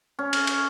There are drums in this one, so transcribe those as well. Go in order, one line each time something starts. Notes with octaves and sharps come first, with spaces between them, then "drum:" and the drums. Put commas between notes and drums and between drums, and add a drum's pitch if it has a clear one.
C#4
drum: cymbal
drum: cymbal